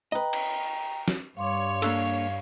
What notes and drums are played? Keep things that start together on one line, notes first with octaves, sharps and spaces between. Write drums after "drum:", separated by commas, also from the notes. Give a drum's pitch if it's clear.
B4 D#5 G5 A#5
drum: cymbal
drum: snare
G2 C#5 F5 C6 D6
A#3 D4 A4 F5, drum: cymbal